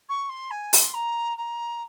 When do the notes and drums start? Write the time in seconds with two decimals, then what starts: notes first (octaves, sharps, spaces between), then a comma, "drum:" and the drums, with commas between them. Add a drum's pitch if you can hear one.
0.09 C#6
0.29 C6
0.50 G#5
0.73 C6, drum: open hi-hat
0.94 A#5
1.37 A#5